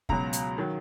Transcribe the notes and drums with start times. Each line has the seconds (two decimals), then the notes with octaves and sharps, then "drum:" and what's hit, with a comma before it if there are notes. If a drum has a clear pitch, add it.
0.09 C#2 B2 F#3 A#5, drum: kick
0.33 drum: hi-hat
0.58 D#3 F#3